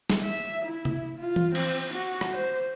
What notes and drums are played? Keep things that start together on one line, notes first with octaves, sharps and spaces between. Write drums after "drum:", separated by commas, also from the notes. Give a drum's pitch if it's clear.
drum: snare
E5
E4
drum: tom C3
F4
drum: tom E3
C4, drum: cymbal
F#4
drum: rim click
C5